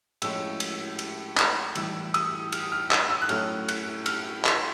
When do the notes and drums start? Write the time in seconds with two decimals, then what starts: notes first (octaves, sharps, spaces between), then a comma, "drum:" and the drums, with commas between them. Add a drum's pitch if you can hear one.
0.22 A2 F3 G#3 C#4 E6, drum: cymbal
0.60 drum: cymbal
0.99 drum: cymbal
1.37 drum: clap
1.75 A2 E3 G3 E6, drum: cymbal
2.14 D#6, drum: cymbal
2.52 F6, drum: cymbal
2.72 F6
2.91 D#6, drum: clap
3.10 E6
3.22 F#6
3.29 A2 F#3 A3 C#4 F6, drum: cymbal
3.68 F#6, drum: cymbal
4.06 F6, drum: cymbal
4.45 drum: clap